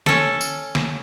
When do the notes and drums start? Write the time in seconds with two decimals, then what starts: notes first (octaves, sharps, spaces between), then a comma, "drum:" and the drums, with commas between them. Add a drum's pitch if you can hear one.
0.06 C#4 A4, drum: snare
0.41 drum: tambourine
0.75 drum: snare